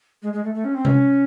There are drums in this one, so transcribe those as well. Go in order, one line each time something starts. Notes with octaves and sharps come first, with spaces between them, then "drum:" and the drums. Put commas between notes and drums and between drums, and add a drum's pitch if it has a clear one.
G#3
G#3
A3
A3
C#4
C4
C#4, drum: tom C3